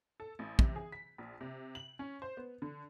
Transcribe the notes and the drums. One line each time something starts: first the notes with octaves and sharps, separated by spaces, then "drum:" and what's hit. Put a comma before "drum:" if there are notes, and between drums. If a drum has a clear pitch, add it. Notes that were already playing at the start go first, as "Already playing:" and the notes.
A4
A1
C3, drum: kick
G#4
B6
A#1
C3
F#7
C#4
C5
B3
D3